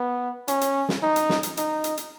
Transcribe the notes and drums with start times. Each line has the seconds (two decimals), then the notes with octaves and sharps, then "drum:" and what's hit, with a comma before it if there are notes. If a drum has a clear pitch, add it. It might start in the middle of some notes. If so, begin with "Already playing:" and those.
Already playing: B3
0.48 C#4, drum: hi-hat
0.61 drum: hi-hat
0.89 drum: snare
1.03 D#4
1.16 drum: hi-hat
1.29 drum: snare
1.43 drum: hi-hat
1.57 D#4, drum: hi-hat
1.84 drum: hi-hat
1.97 drum: hi-hat